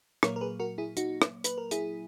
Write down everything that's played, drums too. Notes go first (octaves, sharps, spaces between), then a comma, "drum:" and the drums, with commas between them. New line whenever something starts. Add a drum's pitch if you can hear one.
A#2 F#3 A#3 A#4 C#5, drum: rim click
A#4
G#4 B4
F#4 A#4
E4 G#4
D#4 F#4, drum: hi-hat
drum: rim click
B4, drum: hi-hat
A#4
E4 G#4, drum: hi-hat